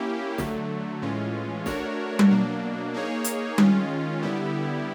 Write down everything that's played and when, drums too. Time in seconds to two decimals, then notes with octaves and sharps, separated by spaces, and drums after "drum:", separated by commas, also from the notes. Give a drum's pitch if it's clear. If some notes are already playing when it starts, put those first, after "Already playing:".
Already playing: A#3 C#4 E4 G4
0.38 D3 F#3 A3, drum: snare
1.02 A2 E3 G#3 C#4 F4
1.66 A3 D4 F#4 A#4 C#5, drum: snare
2.19 drum: tom G3
2.31 B2 F#3 A#3 D4
2.94 A#3 D#4 G#4 C#5
3.24 drum: hi-hat
3.58 D#3 G#3 C#4 F4, drum: tom G3
4.22 D3 G3 B3 E4 G4